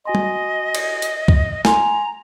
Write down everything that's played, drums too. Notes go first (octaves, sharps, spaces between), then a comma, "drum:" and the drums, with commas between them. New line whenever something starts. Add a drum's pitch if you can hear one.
F#4 D#5 G#5 C6
drum: tom G3
drum: cymbal
drum: hi-hat
drum: kick C#2
G#5 A#5 C6, drum: snare